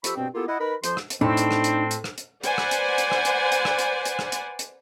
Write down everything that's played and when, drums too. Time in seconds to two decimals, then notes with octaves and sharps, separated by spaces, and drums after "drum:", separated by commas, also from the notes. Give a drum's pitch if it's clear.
0.04 F3 G4 A4 B5 C#6 E6, drum: hi-hat
0.17 G2 B2 B3 C4
0.35 A#3 B3 E4 F4 G4 A4
0.48 E4 D#5 F#5
0.60 D#4 A#4 B4 B5
0.84 F2 F3 C5 C6, drum: hi-hat
0.97 drum: rim click
1.10 drum: hi-hat
1.21 A2 C4 D4 D#4 A4
1.37 drum: hi-hat
1.51 drum: rim click
1.64 drum: hi-hat
1.91 drum: hi-hat
2.04 drum: rim click
2.18 drum: hi-hat
2.44 B4 C5 D5 F#5 G#5, drum: hi-hat
2.58 drum: rim click
2.71 drum: hi-hat
2.98 drum: hi-hat
3.12 drum: rim click
3.25 drum: hi-hat
3.52 drum: hi-hat
3.65 drum: rim click
3.79 drum: hi-hat
4.05 drum: hi-hat
4.19 drum: rim click
4.32 drum: hi-hat
4.59 drum: hi-hat